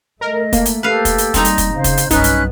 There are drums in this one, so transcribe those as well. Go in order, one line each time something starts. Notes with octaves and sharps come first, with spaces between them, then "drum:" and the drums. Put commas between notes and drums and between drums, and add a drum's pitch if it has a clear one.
A3 A#4 D#5
A#3, drum: kick, hi-hat
drum: hi-hat
G4 A4 B4 F5
drum: kick, hi-hat
drum: hi-hat
G3 C4 D#4 A#5, drum: kick, hi-hat
drum: hi-hat
drum: kick, hi-hat
C#3 C5 F5
drum: kick, hi-hat
drum: hi-hat
B1 G2 B3 C#4 D#4 B4 F#6, drum: kick, hi-hat
drum: hi-hat